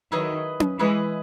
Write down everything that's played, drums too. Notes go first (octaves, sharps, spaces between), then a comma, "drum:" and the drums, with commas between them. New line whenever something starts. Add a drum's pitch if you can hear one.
D#3 F#3 E4 G#4 B4 D#5
drum: tom C#4
E3 G#3 E4 G#4 B4 D#5